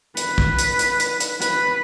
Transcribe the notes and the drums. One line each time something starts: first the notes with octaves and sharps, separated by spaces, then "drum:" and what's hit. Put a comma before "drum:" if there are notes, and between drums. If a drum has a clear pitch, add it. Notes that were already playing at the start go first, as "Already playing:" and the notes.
B4, drum: hi-hat
drum: kick
drum: hi-hat
drum: hi-hat
drum: hi-hat
drum: hi-hat
B4, drum: hi-hat